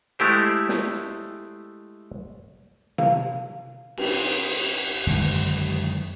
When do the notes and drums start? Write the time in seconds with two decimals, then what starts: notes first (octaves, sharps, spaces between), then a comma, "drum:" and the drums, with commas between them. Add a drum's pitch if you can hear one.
0.19 G#3 A3 E4 G4 C5
0.69 drum: snare
2.98 F5, drum: tom C3
3.97 drum: cymbal
5.07 F#2 D3 D#3 G#3